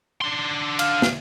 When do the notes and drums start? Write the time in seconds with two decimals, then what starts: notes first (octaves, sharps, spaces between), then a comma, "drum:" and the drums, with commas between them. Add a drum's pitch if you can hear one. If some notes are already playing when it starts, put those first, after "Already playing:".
0.21 D3 C6
0.79 F5, drum: cymbal
1.02 drum: snare